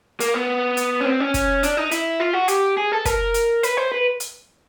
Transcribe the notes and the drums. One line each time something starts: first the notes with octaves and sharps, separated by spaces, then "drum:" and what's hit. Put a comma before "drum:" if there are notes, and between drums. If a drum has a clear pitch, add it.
A#3, drum: hi-hat
B3
drum: hi-hat
C#4
C4
C#4
drum: kick, hi-hat
D4, drum: hi-hat
D#4
E4, drum: hi-hat
F4
F#4
G4, drum: hi-hat
G#4
A4
A#4, drum: kick, hi-hat
drum: hi-hat
B4, drum: hi-hat
C5
B4
drum: hi-hat